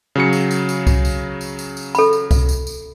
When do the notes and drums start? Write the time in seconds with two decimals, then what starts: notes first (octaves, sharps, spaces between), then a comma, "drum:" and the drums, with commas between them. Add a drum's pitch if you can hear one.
0.15 C#3 F#3 C#7
0.33 drum: tambourine
0.51 drum: tambourine
0.69 drum: tambourine
0.87 drum: kick C2, tambourine
1.05 drum: tambourine
1.41 drum: tambourine
1.59 drum: tambourine
1.77 drum: tambourine
1.95 A4 B5, drum: tambourine
2.13 drum: tambourine
2.31 drum: kick C2, tambourine
2.49 drum: tambourine
2.67 drum: tambourine